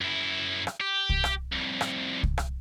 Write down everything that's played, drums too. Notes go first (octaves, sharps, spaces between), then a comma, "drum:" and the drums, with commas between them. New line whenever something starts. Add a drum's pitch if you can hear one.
F#2 E4
drum: rim click
G4
drum: kick C2
drum: rim click
C2 F2
drum: rim click
drum: kick C2
drum: rim click